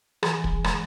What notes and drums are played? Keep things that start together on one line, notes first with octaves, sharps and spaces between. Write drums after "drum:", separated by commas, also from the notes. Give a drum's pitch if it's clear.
E3 G#4, drum: rim click
drum: kick
G#3, drum: rim click